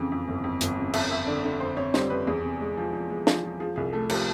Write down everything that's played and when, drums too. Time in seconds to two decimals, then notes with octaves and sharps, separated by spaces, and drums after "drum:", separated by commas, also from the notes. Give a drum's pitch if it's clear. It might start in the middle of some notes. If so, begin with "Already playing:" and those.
Already playing: F2 C#3 E3
0.12 F2
0.28 G1
0.44 F2
0.61 G1, drum: hi-hat
0.77 C#3
0.94 F2 E5, drum: cymbal
1.11 F2 E5
1.27 D3 D5
1.44 D3
1.60 F2 C5
1.77 F2 C#5
1.94 G3 C5, drum: snare
2.10 F2 B4
2.27 E2 G#4
2.44 C3
2.61 G#3
2.77 F3
2.93 F3
3.10 G#3
3.27 F3, drum: snare
3.43 F3
3.60 F3 G#4
3.76 C2 G#4
3.92 A3 A4
4.10 F3 G4, drum: cymbal